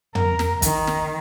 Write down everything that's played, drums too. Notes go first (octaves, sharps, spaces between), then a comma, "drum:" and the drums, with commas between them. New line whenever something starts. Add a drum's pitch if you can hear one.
A#4, drum: tom
drum: snare
D#3, drum: kick, hi-hat
drum: snare